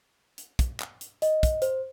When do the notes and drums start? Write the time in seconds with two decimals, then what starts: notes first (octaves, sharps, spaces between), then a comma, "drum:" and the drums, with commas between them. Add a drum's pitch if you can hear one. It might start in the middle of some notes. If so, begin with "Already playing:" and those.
0.38 drum: hi-hat
0.59 drum: kick, hi-hat
0.80 drum: clap
1.01 drum: hi-hat
1.22 D#5, drum: hi-hat
1.43 drum: kick, hi-hat
1.62 C5, drum: hi-hat